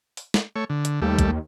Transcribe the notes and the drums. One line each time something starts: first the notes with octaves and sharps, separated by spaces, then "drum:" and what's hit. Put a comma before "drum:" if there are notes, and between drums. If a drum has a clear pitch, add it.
drum: open hi-hat
drum: snare
A3 C#5
D3
drum: hi-hat
D#2 G3 A3
drum: kick, hi-hat